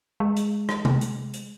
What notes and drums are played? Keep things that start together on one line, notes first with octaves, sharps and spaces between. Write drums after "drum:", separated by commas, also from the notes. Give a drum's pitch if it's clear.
G#3
drum: hi-hat
drum: rim click
drum: tom C3
drum: hi-hat
drum: hi-hat